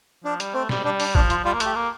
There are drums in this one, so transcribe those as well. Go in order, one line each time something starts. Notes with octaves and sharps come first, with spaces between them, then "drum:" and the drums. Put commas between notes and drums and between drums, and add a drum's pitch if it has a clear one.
F3 D4
G3, drum: hi-hat
A3 C4
G3, drum: snare
G3 D4
D4, drum: open hi-hat
F3 D4, drum: kick
F4, drum: hi-hat
G3 F4
A#3
A3, drum: hi-hat
G4
A#3